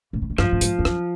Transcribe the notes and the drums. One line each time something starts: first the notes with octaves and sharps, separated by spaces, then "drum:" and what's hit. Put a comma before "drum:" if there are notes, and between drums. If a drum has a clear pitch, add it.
A#2
A2
G#2
G2 F3, drum: rim click
A2
G#2, drum: hi-hat
F2
F#2, drum: rim click